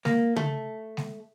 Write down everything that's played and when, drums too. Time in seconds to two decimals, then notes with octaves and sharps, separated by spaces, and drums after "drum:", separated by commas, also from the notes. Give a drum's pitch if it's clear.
0.05 A#3, drum: snare G#3
0.36 A3, drum: tom C#3
0.97 drum: snare G#3